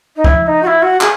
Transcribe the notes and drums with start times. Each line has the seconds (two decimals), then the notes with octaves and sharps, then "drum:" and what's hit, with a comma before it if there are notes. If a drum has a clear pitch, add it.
0.16 D#4
0.24 E4, drum: kick
0.43 E4
0.46 D#4
0.62 F#4
0.67 E4
0.82 F#4
1.01 G#4, drum: clap